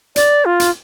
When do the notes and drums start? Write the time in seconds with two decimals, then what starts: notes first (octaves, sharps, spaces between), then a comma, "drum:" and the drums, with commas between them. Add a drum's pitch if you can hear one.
0.16 D5, drum: hi-hat
0.45 F4
0.60 drum: hi-hat